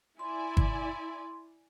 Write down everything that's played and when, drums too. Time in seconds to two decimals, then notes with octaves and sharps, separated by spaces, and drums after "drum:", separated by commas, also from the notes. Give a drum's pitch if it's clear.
0.19 E4 D5 G#5 C6
0.57 drum: kick